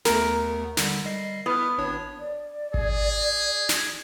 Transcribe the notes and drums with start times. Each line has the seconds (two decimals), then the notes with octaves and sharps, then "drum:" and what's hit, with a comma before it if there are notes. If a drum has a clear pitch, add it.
0.05 D#2 A3 B3 A#4, drum: snare
0.77 D3 G3, drum: snare
1.05 G3 D#5 C7
1.46 B3 E4 B4 F6
1.78 G#1 D4 C#5
2.20 D5
2.74 G#4, drum: kick G#1
3.69 drum: snare